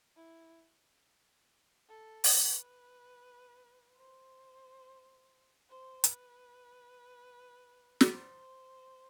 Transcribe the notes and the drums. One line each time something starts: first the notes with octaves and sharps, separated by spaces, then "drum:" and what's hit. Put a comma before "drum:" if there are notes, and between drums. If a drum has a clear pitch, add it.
E4
A4
B4, drum: open hi-hat
C5
C5
B4, drum: hi-hat
drum: snare
C5